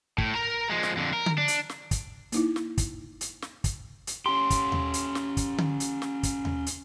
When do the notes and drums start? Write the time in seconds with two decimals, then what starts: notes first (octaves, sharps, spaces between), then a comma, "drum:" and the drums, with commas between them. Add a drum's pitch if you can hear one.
0.18 A2, drum: kick
0.35 A#4 A#5
0.70 F3 G#3
0.83 drum: snare
0.97 F2 D3
1.13 A#4
1.26 drum: tom D3
1.38 D4
1.48 drum: hi-hat
1.69 drum: snare
1.91 drum: kick, hi-hat
2.32 A#3 D#4 E4, drum: hi-hat
2.56 drum: snare
2.78 drum: kick, hi-hat
3.21 drum: hi-hat
3.42 drum: snare
3.64 drum: kick, hi-hat
4.07 drum: hi-hat
4.26 C#4 G4 C6
4.50 drum: kick, hi-hat
4.72 drum: tom D#2
4.94 drum: hi-hat
5.15 drum: snare
5.37 drum: kick, hi-hat
5.58 drum: tom D3
5.80 drum: hi-hat
6.02 drum: snare
6.23 drum: kick, hi-hat
6.45 drum: tom D#2
6.66 drum: hi-hat